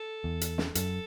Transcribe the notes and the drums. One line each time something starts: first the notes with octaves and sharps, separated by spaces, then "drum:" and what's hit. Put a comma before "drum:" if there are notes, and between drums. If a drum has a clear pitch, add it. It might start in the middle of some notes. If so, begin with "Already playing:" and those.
Already playing: A4
E2
drum: hi-hat
drum: snare
F#2 A4, drum: hi-hat